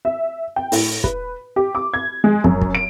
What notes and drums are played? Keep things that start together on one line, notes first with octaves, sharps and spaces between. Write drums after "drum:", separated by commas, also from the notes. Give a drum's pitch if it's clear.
E5
G5
A2, drum: open hi-hat
B4, drum: kick
G4
D6
G#6
G#3
F#2, drum: kick
drum: kick
D7